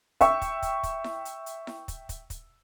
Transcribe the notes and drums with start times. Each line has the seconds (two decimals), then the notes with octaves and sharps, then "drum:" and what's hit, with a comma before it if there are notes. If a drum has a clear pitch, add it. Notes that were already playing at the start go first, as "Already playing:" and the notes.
0.21 E5 G5 C#6 E6, drum: kick, hi-hat
0.42 drum: kick, hi-hat
0.62 drum: kick, hi-hat
0.83 drum: kick, hi-hat
1.04 drum: snare E4
1.25 drum: hi-hat
1.46 drum: hi-hat
1.67 drum: snare E4
1.88 drum: kick, hi-hat
2.09 drum: kick, hi-hat
2.30 drum: kick, hi-hat